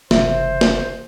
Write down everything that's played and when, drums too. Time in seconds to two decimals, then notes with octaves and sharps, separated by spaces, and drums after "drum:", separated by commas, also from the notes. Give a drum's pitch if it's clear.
0.11 F#1 C3 E3 C5 E5, drum: snare
0.61 drum: snare